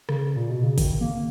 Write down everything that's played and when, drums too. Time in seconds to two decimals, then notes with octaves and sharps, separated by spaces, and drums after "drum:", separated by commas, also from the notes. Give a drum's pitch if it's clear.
0.09 C#3, drum: rim click
0.36 A#2
0.50 B2
0.63 C#3
0.78 D#3, drum: kick G#1, open hi-hat
1.01 A#3